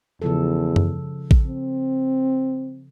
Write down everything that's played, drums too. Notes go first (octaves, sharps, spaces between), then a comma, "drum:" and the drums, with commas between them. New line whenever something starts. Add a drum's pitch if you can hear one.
E2 C#3 F3 A4
drum: tom F#2
drum: kick A1
C4